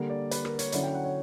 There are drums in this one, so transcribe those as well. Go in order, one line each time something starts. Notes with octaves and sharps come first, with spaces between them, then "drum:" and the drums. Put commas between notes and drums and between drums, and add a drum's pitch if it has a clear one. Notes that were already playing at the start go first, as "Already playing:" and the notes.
Already playing: D3 G3 A#3
D5
B4, drum: hi-hat
A#4, drum: rim click
C#5, drum: hi-hat
D3 F#3 C#4 E4 D5, drum: hi-hat
G5
F#5
C#5